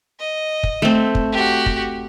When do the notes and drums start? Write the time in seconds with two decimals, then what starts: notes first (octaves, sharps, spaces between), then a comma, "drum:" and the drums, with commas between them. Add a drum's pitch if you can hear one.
0.19 D#5
0.63 drum: kick
0.82 A3 C4
1.15 drum: kick
1.32 F#4 G4
1.66 drum: kick